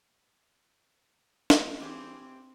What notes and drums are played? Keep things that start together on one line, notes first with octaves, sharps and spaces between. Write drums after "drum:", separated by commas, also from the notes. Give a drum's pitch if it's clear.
drum: snare
E3 C4 G4 G#4